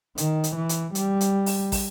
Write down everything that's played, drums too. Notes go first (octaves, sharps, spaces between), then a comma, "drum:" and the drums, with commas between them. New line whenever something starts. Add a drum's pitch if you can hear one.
D#3, drum: hi-hat
drum: hi-hat
E3
drum: hi-hat
G3, drum: hi-hat
drum: hi-hat
drum: open hi-hat
drum: kick, open hi-hat